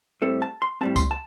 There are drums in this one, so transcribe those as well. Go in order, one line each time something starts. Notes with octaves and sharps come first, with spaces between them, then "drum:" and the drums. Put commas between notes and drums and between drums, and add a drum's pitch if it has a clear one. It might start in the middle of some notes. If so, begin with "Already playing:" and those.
A2 G3 C4 A4
A5
C6
A2 G3 C4 A5
C6, drum: kick C#2, tambourine
A5